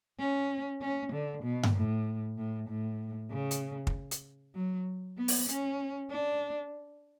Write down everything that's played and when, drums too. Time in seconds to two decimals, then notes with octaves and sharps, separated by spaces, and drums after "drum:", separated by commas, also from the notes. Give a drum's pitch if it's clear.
0.19 C#4
0.81 C#4
1.12 D3
1.43 B2
1.63 drum: tom G2
1.75 A2
2.37 A2
2.68 A2
3.31 C#3
3.51 drum: hi-hat
3.87 drum: kick
4.11 drum: hi-hat
4.55 F#3
5.17 B3
5.28 drum: open hi-hat
5.49 C#4, drum: hi-hat
6.10 D4